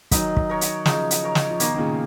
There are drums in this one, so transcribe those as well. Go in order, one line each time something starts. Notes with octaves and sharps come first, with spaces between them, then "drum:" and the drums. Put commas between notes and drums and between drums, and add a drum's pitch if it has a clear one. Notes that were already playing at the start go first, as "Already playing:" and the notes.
D#3 F#3 D#4, drum: kick, hi-hat
drum: kick
A#4 C#5
drum: hi-hat
C#3 F3 D#4, drum: snare
drum: hi-hat
A#4 C#5
drum: snare
F3
B2 D#3 A#3, drum: hi-hat
D#3
A#2 C#3